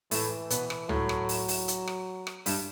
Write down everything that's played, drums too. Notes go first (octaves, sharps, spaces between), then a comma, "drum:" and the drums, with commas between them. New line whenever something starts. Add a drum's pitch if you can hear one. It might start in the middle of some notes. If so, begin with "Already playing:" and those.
A2 E3 A3, drum: open hi-hat
B2 B3, drum: hi-hat
drum: rim click
A2 F#3 A3, drum: tom C#2
drum: rim click
drum: open hi-hat
drum: open hi-hat
drum: hi-hat
drum: rim click
drum: rim click
G2 G3, drum: open hi-hat